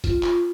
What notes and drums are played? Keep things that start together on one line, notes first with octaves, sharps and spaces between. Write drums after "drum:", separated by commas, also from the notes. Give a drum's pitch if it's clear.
F4, drum: kick, hi-hat
drum: clap